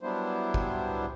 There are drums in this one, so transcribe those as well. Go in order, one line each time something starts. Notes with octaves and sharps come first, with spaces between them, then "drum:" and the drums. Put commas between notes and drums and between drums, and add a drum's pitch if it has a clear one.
F#3 G3 B3 D4 E4 C5
drum: kick